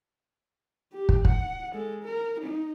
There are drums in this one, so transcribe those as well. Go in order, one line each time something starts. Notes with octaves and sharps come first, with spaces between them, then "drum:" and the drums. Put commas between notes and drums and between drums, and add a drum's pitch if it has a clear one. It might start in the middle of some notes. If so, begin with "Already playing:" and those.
G4
drum: kick
F#5, drum: kick
G#3 A4
A#4
D#4